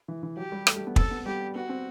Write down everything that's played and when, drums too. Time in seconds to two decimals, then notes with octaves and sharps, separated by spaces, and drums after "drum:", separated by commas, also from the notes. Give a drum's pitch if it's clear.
0.08 E3
0.23 E3
0.37 F#3 G4
0.52 G3
0.67 A3, drum: rim click
0.76 G3
0.87 B3
0.96 C4 A4, drum: kick
1.11 B3
1.26 G3 G4
1.55 B3 F#4
1.69 C4